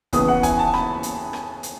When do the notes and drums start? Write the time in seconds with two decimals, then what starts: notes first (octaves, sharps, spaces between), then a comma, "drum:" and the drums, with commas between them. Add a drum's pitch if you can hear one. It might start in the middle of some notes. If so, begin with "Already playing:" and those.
0.13 D#2 C#3 E3 B3 D#6, drum: kick, hi-hat
0.28 F#5
0.43 G#5, drum: kick, hi-hat
0.59 A5
0.74 B5, drum: rim click
1.03 drum: hi-hat
1.33 drum: rim click
1.63 drum: hi-hat